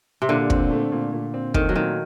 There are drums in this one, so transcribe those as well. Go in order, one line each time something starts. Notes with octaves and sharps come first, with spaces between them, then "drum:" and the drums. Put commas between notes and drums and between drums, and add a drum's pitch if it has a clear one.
C3
A#2 D3
C4, drum: kick
A3
A#2
A#2
C4
D#3 A3, drum: kick
F#3
A#2 D#3